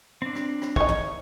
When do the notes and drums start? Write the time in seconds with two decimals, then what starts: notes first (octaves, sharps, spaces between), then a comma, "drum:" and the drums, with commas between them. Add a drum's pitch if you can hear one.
0.22 C4 D4
0.35 drum: rim click
0.62 drum: rim click
0.76 E3 D#4 C#5 C#6, drum: kick
0.88 drum: tom